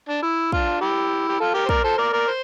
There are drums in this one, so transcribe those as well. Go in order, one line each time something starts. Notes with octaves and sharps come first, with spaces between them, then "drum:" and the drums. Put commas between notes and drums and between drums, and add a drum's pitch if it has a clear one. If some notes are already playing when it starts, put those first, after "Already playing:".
D4
E4
D4 F4, drum: kick
E4 G4
G4
F4 A4
G4 A#4
C5
A#4 D5, drum: kick
A4 C5
A#4 D5
A#4 D5
C5